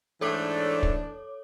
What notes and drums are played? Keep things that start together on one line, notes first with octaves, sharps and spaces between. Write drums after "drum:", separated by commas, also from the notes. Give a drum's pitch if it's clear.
G#2 E3 A3 D4 A4 C#5 D6
drum: kick